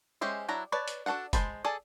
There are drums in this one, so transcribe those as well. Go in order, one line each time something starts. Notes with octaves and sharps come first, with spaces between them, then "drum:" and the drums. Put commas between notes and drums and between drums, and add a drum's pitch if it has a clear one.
G#3 C#4 G4 C5 E5
F#3 D4 E4 A#5
B4 C#5 D5 A5
drum: hi-hat
D4 F#4 A4 F5 F#5
G#3 C#4 C5 A5 B5, drum: kick, hi-hat
G#4 A4 D5 G#5 A5